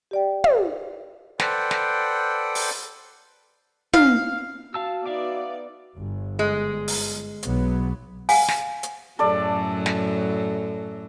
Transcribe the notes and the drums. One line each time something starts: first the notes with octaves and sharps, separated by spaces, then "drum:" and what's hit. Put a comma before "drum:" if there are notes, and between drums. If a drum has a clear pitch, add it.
G4 D5 G5
drum: tom
A4 B4 C5 D5 F#5 G5, drum: snare
drum: snare
drum: open hi-hat
F5, drum: tom
F#4 F5 A5 E6
B3 D#4 D5 E5 F5 D6
G1
G#3
drum: open hi-hat
B1 F#3 B3, drum: hi-hat
F5 F#5 G#5, drum: open hi-hat
drum: snare
drum: hi-hat
F#2 A2 F#3 A4 D5
drum: snare